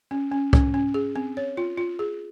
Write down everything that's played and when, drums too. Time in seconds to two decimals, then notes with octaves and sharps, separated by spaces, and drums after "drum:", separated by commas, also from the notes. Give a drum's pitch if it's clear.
0.11 C#4
0.32 C#4
0.53 C#4, drum: kick C2
0.74 C#4
0.94 G#4
1.16 C4
1.37 C#5
1.57 F4
1.78 F4
1.99 G#4